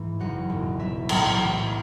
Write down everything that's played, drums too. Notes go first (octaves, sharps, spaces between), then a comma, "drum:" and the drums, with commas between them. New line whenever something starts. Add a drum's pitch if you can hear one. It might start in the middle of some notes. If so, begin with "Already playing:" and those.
Already playing: G#2 E3
G#1 F#2 C#3 F#3 F#5
E1 E2 B2
C#2 B2 F#3 E5
B1 A2 F#3, drum: cymbal
B1 A2 E3